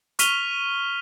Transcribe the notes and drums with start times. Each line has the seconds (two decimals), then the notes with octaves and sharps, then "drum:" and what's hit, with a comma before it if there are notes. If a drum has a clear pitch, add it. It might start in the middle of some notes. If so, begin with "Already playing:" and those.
0.19 C#6 F6 B6 D#7 F7 G7, drum: hi-hat